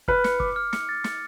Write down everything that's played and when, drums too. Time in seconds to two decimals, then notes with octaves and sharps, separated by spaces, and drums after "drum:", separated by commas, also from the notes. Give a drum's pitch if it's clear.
0.08 B4 F6, drum: kick
0.24 C#7, drum: snare
0.40 D6, drum: kick
0.56 F6
0.73 C#7, drum: snare
0.89 A6
1.04 C#7, drum: snare